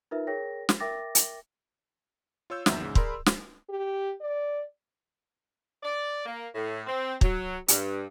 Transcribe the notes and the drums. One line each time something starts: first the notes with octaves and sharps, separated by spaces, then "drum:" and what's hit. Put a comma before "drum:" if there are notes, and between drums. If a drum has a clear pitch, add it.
D#4 F4 A#4 B4 E5
G#4 A#4 C#5 G5 A#6
drum: snare
A#4 E5 G5 D6 A6 A#6
drum: hi-hat
F4 C#5 E6 G6
G#1 E2 D#3 F#3 A#3 E5, drum: snare
G#2 C#3
G#4 A#4 D5 B5 C6 E6, drum: kick
drum: snare
G4
D5
D5
A#3
A2
C4
F#3, drum: kick
G2, drum: hi-hat